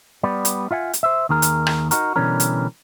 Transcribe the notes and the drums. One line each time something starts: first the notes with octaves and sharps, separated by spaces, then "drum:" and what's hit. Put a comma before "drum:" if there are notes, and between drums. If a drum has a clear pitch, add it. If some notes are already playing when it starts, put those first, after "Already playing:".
G3 B3 D5
drum: hi-hat
F4 E5 F#5 G#5
drum: hi-hat
C5 E5
D#2 D#3 G#4 A#4
drum: hi-hat
drum: rim click
D#4 F#4 A#4, drum: hi-hat
B2 D3 E3 G3 C#4 A#4
drum: hi-hat